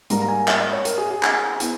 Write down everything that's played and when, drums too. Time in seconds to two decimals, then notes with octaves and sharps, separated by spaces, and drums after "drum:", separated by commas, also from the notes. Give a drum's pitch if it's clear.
0.10 G#2 G3 A#3 A#5, drum: hi-hat
0.22 A#5
0.28 G#5
0.48 E5, drum: clap
0.60 D#5
0.73 C#5
0.85 A#4, drum: hi-hat
0.98 G#4
1.10 G#4
1.23 drum: clap
1.60 B3 E4, drum: hi-hat